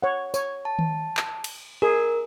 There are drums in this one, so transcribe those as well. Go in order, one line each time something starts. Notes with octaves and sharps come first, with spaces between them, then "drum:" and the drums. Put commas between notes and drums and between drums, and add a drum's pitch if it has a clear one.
C#5 F#5
C#5, drum: tambourine
A5
drum: tom D#3
drum: clap
drum: cymbal
G#4 A#4